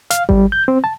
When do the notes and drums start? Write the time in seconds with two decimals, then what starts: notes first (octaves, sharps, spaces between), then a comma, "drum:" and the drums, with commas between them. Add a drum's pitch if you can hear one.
0.11 F5, drum: hi-hat
0.29 G3, drum: kick G#1
0.52 G6
0.68 C4
0.84 A5